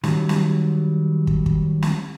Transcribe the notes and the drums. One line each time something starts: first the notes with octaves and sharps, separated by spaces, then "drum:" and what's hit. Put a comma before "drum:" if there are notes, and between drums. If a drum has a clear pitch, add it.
D#3 F#3 G3, drum: snare
drum: snare
drum: kick
drum: kick
drum: snare